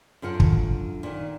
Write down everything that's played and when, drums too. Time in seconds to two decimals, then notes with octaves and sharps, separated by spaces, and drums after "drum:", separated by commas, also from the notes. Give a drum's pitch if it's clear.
0.22 F#2 D3 F4 F#5
0.40 drum: kick
1.03 A#2 D#3